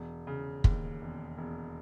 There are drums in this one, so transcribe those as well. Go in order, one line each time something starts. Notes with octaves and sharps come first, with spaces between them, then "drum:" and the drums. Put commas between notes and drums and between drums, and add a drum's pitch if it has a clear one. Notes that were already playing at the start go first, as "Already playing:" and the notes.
Already playing: E1
C#3
D#2, drum: kick
E1
E1